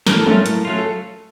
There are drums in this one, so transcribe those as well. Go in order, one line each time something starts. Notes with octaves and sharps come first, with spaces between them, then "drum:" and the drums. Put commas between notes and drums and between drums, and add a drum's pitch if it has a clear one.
A2 A#4, drum: snare
A4
F#3 A3 C#4 F4 A#4, drum: tom
A2, drum: hi-hat
F#3 A3 C#4 F4
A4